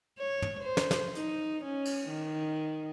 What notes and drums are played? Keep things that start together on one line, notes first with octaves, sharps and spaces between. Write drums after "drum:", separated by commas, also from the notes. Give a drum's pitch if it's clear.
C#5
drum: tom
C5
drum: snare
drum: snare
D#4, drum: hi-hat
C#4
drum: cymbal
D#3